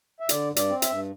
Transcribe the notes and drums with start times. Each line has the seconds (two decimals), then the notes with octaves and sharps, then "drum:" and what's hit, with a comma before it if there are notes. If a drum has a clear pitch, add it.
0.20 E5
0.29 D3 D5, drum: hi-hat
0.50 G2
0.56 D5, drum: hi-hat
0.69 C4
0.82 E5, drum: hi-hat
0.89 G2